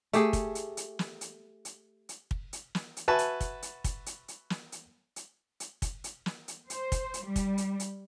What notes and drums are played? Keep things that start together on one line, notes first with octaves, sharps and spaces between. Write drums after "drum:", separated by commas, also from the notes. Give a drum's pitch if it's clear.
A3 G4 G#4, drum: hi-hat
drum: kick, hi-hat
drum: hi-hat
drum: hi-hat
drum: snare
drum: hi-hat
drum: hi-hat
drum: hi-hat
drum: kick
drum: hi-hat
drum: snare
drum: hi-hat
F#4 B4 E5 G#5 A5
drum: hi-hat
drum: kick, hi-hat
drum: hi-hat
drum: kick, hi-hat
drum: hi-hat
drum: hi-hat
drum: snare
drum: hi-hat
drum: hi-hat
drum: hi-hat
drum: kick, hi-hat
drum: hi-hat
drum: snare
drum: hi-hat
C5, drum: hi-hat
drum: kick, hi-hat
drum: hi-hat
G3
drum: kick, hi-hat
drum: hi-hat
drum: hi-hat